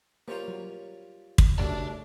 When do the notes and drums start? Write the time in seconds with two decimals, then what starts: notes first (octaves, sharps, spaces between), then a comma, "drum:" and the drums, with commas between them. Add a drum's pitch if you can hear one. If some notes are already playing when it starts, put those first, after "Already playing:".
0.28 G3 A#3 C#4 F4 C5
0.48 F#3
1.38 drum: kick
1.59 F#2 C#3 G3 A3 A4 D5 A5